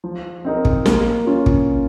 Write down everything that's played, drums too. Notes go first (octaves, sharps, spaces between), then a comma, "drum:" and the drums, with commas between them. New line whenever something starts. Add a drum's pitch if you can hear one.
F3
C4 D#4 A#4
drum: kick
A#3, drum: snare
C#4 F4
drum: kick